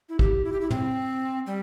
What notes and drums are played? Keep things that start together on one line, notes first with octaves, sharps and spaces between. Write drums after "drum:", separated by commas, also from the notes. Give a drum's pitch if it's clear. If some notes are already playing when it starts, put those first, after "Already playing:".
E4
G4, drum: kick
E4
G4
E4
C4, drum: tom
G3